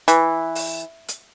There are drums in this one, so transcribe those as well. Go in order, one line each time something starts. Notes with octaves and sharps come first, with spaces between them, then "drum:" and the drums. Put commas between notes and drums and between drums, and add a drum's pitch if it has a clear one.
E3, drum: hi-hat
drum: open hi-hat
drum: hi-hat